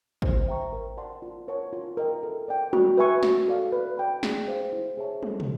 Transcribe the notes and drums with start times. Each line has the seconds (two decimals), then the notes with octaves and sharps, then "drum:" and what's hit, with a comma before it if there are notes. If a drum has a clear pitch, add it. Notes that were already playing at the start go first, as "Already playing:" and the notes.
0.22 C5, drum: kick
0.48 E5 G5 A#5 C#6
0.73 A#4
0.97 D5 F#5 A5 C6
1.22 F4
1.48 A#4 C#5 F#5 A5
1.73 F4
1.97 A#4 D#5 G5
2.23 A4
2.48 D5 G5
2.73 F#4, drum: tom
2.97 B4 E5 G#5 C#6
3.23 F#4, drum: snare
3.48 A4 D5 F5
3.72 B4
3.98 D5 G5 B5
4.23 G#4, drum: snare
4.48 C5 F5
4.73 E4
4.97 G#4 C#5 E5 A5
5.23 A4, drum: tom
5.40 drum: tom